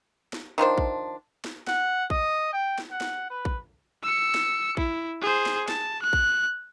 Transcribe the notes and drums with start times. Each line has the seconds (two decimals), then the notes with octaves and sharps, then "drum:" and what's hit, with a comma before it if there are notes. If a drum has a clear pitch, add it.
0.33 drum: snare
0.58 D#3 F3 D4 C5
0.78 drum: kick
1.44 drum: snare
1.67 F#5, drum: snare
2.10 D#5, drum: kick
2.53 G5
2.78 drum: snare
2.90 F#5
3.01 drum: snare
3.30 B4
3.45 drum: kick
4.03 E6 C#7
4.34 drum: snare
4.77 E4, drum: kick
5.21 G#4 C5
5.46 drum: snare
5.68 A5, drum: snare
6.03 F#6
6.13 drum: kick